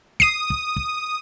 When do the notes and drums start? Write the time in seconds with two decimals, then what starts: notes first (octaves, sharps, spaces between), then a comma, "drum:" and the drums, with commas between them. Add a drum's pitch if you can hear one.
0.20 D#6 C7 D#7, drum: kick
0.50 drum: kick
0.76 drum: kick